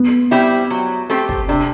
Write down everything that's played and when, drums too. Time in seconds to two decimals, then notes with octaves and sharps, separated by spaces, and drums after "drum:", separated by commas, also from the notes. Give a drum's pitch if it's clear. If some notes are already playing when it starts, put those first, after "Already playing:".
Already playing: B3
0.31 G3 C4 E4 G4
0.70 F#3
1.10 A3 C4 G4
1.29 drum: kick
1.48 C3 D4